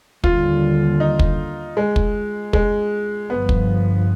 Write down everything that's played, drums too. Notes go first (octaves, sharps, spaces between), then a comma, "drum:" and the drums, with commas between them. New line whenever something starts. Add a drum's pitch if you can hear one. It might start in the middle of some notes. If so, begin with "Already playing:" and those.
D#2 D3 G3 F4, drum: kick
D#4
drum: kick
G#3
drum: kick
G#3, drum: kick
G1 G2 F3 B3
drum: kick